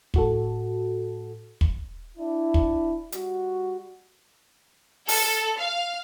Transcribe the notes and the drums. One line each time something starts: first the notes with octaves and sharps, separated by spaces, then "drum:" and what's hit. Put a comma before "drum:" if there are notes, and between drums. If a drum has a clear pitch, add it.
A2 F#4 A4, drum: kick
drum: kick
D4 E4
drum: kick
G3 F#4, drum: hi-hat
A4, drum: open hi-hat
F5